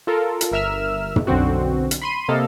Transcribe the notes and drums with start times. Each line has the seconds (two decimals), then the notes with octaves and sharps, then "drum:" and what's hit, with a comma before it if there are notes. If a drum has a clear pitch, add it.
0.07 F4 A4 A#4
0.41 drum: hi-hat
0.52 G1 A#4 E5 E6 F6 E7
1.16 drum: tom
1.27 B1 D3 C4 F#4
1.91 drum: hi-hat
2.02 B5 C6 D#7
2.29 C3 A#3 A4 D#5 F5